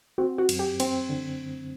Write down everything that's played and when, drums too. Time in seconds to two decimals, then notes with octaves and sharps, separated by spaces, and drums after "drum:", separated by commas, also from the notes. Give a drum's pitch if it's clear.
0.18 C4 F#4
0.38 F#4
0.49 F#2, drum: cymbal
0.59 G4
0.80 C4, drum: cymbal
1.09 D3